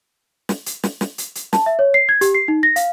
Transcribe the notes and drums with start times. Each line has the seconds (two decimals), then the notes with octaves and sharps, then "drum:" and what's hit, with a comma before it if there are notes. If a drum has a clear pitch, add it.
0.49 drum: snare
0.66 drum: hi-hat
0.84 drum: snare
1.01 drum: snare
1.18 drum: hi-hat
1.35 drum: hi-hat
1.53 A5, drum: snare
1.66 E5
1.79 C#5
1.94 C7
2.09 G#6
2.21 G4, drum: hi-hat
2.35 C7
2.48 D#4
2.63 A#6
2.76 F5, drum: hi-hat